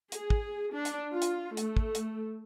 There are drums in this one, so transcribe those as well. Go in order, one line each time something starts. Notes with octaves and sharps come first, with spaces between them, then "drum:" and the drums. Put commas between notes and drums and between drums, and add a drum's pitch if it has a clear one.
G#4, drum: hi-hat
drum: kick
D4
drum: hi-hat
F4
drum: hi-hat
A3, drum: hi-hat
drum: kick
drum: hi-hat